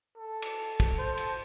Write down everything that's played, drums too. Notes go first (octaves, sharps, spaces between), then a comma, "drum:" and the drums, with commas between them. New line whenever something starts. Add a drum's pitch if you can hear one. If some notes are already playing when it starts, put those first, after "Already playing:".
A4
drum: cymbal
drum: kick, cymbal
C5
drum: cymbal